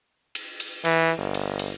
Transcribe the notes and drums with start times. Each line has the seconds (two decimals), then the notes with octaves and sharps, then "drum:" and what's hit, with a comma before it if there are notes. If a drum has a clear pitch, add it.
0.35 drum: cymbal
0.60 drum: cymbal
0.85 E3, drum: cymbal
1.18 G1
1.34 drum: cymbal
1.59 drum: cymbal